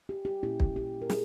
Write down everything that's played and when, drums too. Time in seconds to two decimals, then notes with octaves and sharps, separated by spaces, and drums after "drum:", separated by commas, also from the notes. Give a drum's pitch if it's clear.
0.09 G4
0.25 G4
0.43 A#2 A#3 C#4 E4 G4
0.60 drum: kick
0.76 G4
1.02 A#4
1.10 G#4, drum: snare